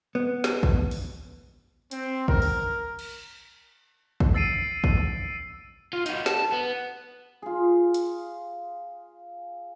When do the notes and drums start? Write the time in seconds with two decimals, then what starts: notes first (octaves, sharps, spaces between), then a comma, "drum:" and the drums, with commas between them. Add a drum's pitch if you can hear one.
0.15 B3
0.44 drum: snare
0.63 drum: kick A1
0.91 drum: open hi-hat
1.91 C4, drum: hi-hat
2.28 A#4, drum: kick A1
2.42 drum: open hi-hat
2.99 drum: cymbal
4.20 drum: kick A1
4.34 E6 A6 C7 D7 D#7
4.84 drum: kick A1
5.93 F4
6.06 D#4 F#4, drum: hi-hat
6.26 A5, drum: snare
6.52 B3
7.42 F4 G#4
7.94 drum: hi-hat